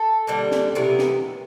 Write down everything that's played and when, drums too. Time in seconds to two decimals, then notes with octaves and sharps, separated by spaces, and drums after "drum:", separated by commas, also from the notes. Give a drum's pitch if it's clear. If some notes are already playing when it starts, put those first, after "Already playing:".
Already playing: A4
0.27 D3 G3 A#3
0.52 drum: snare
0.75 C3 E3 B3 A#4
0.99 drum: snare